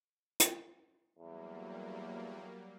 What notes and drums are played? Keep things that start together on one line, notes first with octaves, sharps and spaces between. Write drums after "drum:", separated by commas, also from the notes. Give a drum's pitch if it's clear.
drum: hi-hat
E2 F#3 G3 A#3